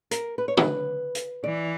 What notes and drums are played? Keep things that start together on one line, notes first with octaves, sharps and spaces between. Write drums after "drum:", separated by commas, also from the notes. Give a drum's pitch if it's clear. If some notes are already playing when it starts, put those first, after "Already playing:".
A#4, drum: hi-hat
B4
C#5
B4, drum: tom
drum: hi-hat
E3 D5